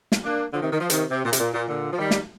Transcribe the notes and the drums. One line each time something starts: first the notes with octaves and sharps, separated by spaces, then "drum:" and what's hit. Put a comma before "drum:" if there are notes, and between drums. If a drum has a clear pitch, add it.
drum: snare
A#3 D4
D3 F3
C3 D#3
D#3
F3
C3 D#3, drum: hi-hat
C3
A#2
C3, drum: hi-hat
A#2
A#2
A#2 D3
F3
D#3 G3
drum: snare